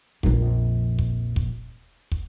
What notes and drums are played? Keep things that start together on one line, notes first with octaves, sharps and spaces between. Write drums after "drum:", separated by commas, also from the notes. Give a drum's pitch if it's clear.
A#1 F2, drum: kick
drum: kick
drum: kick
drum: kick